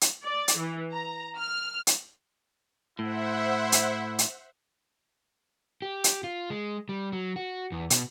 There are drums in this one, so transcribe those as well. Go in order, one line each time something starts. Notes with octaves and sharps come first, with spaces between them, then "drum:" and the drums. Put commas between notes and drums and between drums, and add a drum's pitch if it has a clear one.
drum: hi-hat
D5
drum: hi-hat
E3
A#5
F6
drum: hi-hat
A2 E4 C5 E5 F#5
drum: hi-hat
drum: hi-hat
G4
drum: hi-hat
F4
G#3
G3
F#3
F#4
E2
B2, drum: hi-hat